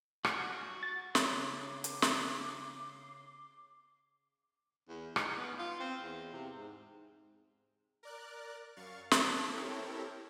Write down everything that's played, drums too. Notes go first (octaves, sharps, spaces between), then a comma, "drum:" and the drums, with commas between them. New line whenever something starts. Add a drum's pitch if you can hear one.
F#4, drum: rim click
A6
C#3 A#5 C6 D6, drum: snare
drum: hi-hat
drum: snare
E2
D#4, drum: rim click
B3
F4
C4
E2
C3
G#2
A#4 D5 F#6
F#2 F5 C#6 A6
C5 E5 A5, drum: snare
C4 E4 G4 A4 A#4 C#5